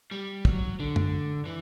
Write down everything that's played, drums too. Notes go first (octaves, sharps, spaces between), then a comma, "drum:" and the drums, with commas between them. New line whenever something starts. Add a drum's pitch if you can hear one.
G3
F#3, drum: kick
D3
drum: tom F#2
E3